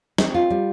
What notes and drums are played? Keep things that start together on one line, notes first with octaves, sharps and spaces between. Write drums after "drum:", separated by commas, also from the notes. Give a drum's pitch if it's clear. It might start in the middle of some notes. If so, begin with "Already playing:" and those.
C4, drum: snare
F4
G3